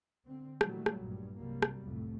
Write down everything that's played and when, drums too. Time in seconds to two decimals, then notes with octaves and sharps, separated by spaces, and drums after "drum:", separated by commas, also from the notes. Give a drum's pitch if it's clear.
0.24 D3 C4
0.61 A#2 D#3 E3 F#3 G3 A3, drum: rim click
0.86 drum: rim click
1.00 A#1 G2 A#2
1.37 C2 C3 F#3 G3 A#3
1.62 drum: rim click
1.82 C2 F2 A2 A3